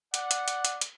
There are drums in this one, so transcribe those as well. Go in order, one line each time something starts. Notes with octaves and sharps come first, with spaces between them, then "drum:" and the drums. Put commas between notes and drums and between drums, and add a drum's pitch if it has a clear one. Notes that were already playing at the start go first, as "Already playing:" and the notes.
D5 F#5, drum: hi-hat
drum: hi-hat
drum: hi-hat
drum: hi-hat
drum: hi-hat